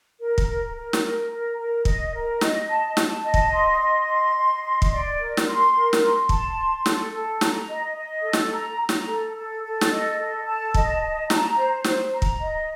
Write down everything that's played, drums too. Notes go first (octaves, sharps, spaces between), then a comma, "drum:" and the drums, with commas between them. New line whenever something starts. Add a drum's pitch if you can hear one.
A#4
drum: kick
A#4
A#4
drum: snare
A#4
A#4
A#4
D#5, drum: kick
A#4
D#5, drum: snare
A5
A5, drum: snare
D#5
drum: kick
C6
D#5
C6
D#5
C6
drum: kick
D5
A#4
drum: snare
C6
A#4
drum: snare
C6
A5, drum: kick
C6
A4, drum: snare
A4
A#5, drum: snare
D#5
D#5
A4
drum: snare
A#5
A#5
drum: snare
A4
A4
A4
drum: snare
D#5
A4
A5
D#5, drum: kick
A5
A#5, drum: snare
C5
C5, drum: snare
A#5
drum: kick
D#5